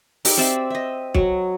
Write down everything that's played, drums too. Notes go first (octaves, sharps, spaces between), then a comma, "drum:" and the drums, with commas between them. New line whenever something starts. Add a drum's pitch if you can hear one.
D#4 G4, drum: open hi-hat
C4 C5 D5 E5
D#5 E5
F#3, drum: kick